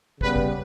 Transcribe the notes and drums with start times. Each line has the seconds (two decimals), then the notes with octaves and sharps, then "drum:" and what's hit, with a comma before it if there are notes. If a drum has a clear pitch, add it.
0.21 C#3 G3 B3 B4, drum: kick
0.36 drum: kick